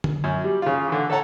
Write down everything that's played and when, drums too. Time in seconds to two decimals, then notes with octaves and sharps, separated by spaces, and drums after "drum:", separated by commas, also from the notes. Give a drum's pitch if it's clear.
0.04 drum: tom D3
0.24 F#2
0.44 G3
0.62 C#3 F4
0.88 D3 E3
1.10 A4 C#5 F#5 A5 A#5